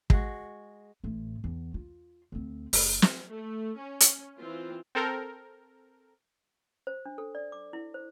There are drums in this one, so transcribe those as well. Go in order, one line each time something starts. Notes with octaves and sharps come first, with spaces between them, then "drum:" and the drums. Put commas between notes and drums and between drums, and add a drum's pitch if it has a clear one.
G#3 F#4, drum: kick
A1 A2
E2
F4
D2 C4
F#1, drum: open hi-hat
drum: snare
A3
C#4
drum: hi-hat
E3 C4 F4
C4 A4 A#4 G6
C5
D4
A4
D5
D6
E4
C5